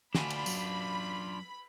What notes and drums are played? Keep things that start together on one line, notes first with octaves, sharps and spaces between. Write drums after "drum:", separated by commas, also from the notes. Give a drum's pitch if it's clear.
D2 D4 F4 G#5 B5 C6, drum: snare
drum: cymbal
F#2, drum: tambourine